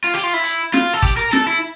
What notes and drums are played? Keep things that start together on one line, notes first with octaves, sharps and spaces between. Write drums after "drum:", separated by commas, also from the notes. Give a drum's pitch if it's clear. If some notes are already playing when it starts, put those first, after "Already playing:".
F4
G4, drum: hi-hat
F4
E4
drum: hi-hat
F4, drum: snare
A4
G4, drum: kick, hi-hat
A#4
A4, drum: snare
E4